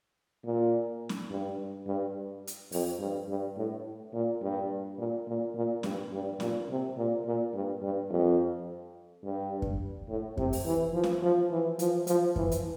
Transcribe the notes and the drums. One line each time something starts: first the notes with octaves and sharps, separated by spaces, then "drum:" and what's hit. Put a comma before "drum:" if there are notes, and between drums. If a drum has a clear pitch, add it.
A#2
drum: snare C#4
G2
G2
drum: hi-hat
F2, drum: open hi-hat
G2
G2
A2
A#2
G2
A#2
A#2
A#2
G2, drum: snare C#4
G2
A#2, drum: snare C#4
C3
A#2
A#2
G2
G2
F2
G2
drum: kick F#2
A2
C3, drum: kick F#2
drum: open hi-hat
E3
F3
drum: snare C#4
F3
E3
F3, drum: hi-hat
F3, drum: hi-hat
E3, drum: kick F#2
drum: hi-hat